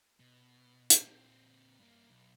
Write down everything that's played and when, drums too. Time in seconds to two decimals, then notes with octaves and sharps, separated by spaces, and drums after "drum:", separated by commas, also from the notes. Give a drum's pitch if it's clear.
0.20 B2
0.90 drum: hi-hat
1.01 A#2 C4
1.79 G2 A#3
2.09 B1